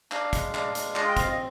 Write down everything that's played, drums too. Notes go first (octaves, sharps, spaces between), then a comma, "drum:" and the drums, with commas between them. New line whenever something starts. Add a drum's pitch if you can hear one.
D4 F5, drum: clap
G#3, drum: kick, hi-hat
D4, drum: clap
G#3, drum: hi-hat
F4 D#5, drum: clap
G5
C4 F5, drum: kick, hi-hat
D#5